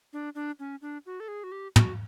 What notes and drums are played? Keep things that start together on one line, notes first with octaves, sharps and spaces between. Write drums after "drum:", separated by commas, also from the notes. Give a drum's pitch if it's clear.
D4
D4
C#4
D4
F#4
A4
G#4
F#4
G4
F#4, drum: tom